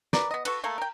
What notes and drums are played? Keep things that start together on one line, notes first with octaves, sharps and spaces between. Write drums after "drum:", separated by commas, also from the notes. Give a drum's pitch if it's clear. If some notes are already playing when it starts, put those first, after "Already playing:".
A#4 B4 D5, drum: snare
B3 D#5
F#4 A4 B4, drum: cymbal
A3 A#3 A4
A#4 G5